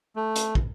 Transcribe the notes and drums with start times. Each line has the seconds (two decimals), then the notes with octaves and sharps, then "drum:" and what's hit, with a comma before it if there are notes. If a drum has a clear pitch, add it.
0.16 A3
0.36 drum: hi-hat
0.55 drum: kick